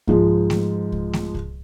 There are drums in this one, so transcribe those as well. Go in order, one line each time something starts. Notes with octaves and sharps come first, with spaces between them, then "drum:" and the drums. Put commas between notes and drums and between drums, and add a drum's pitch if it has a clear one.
G#2 F3 G#3, drum: kick C2
drum: snare A3
drum: kick C2
drum: snare A3
drum: kick C2